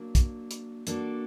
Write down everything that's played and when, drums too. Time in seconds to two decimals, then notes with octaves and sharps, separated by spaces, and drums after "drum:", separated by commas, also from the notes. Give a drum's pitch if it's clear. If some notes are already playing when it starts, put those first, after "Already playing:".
Already playing: F#3 A#3 D4
0.15 drum: kick, hi-hat
0.51 drum: hi-hat
0.87 A#3 D4 F#4 A4, drum: hi-hat